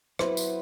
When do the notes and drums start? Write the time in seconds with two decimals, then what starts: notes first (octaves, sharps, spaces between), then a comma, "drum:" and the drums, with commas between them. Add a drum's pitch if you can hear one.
0.19 F#3 B3 E4 B4 C5, drum: rim click
0.37 drum: tambourine